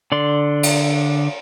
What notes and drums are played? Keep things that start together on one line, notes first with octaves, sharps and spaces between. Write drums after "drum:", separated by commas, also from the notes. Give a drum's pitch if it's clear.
D3 D5 C6
drum: cymbal